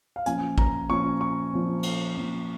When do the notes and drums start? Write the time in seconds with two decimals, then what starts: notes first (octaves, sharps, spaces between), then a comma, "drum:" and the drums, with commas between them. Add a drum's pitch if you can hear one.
0.16 F5
0.26 A#2 F3 C#4 G#5, drum: hi-hat
0.58 A#5, drum: kick
0.90 A#2 F3 C#4 C#6
1.21 C#6
1.54 A#2 F3 C#4
1.83 drum: cymbal
2.16 A#2 F3 C#4